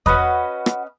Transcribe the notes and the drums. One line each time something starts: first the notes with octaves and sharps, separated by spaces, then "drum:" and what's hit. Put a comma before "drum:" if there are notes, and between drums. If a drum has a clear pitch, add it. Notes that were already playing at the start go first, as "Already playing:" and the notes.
C#4 F#4 B4 D#5, drum: kick E2
drum: rim click